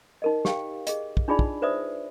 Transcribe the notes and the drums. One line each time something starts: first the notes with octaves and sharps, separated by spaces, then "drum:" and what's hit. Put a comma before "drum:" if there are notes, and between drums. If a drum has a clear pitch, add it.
D#4 A#4 D#5
G4 F5 G5, drum: snare
G#4 D#5, drum: hi-hat
drum: kick
D4 D#4 F4 G#4 D5 B5
drum: kick
B4 C5 D5 E5 D#6